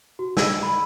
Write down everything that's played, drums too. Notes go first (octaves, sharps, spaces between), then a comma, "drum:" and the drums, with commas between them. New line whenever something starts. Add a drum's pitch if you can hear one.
F#4
E6, drum: snare
B5